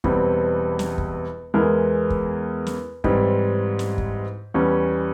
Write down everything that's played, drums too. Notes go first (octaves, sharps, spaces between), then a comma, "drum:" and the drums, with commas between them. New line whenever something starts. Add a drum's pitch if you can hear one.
E1 E2 E3 G3 C4, drum: kick
drum: snare
drum: kick
E2 E3 G#3 E4 A#4
drum: kick
drum: snare
G#2 E3 G3 C4, drum: kick
drum: snare
drum: kick
E2 E3 G3 C#4